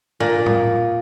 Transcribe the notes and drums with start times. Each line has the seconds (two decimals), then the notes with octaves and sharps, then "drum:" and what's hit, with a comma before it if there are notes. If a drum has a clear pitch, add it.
0.20 A#2
0.46 drum: tom A2